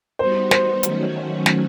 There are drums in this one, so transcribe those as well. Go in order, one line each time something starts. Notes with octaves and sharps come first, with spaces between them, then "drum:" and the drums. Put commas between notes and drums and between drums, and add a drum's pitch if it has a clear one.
G3 B3 D#4 F#4 C5
C5, drum: snare
D#3 F#3 A3 C#4 F#4, drum: hi-hat
drum: snare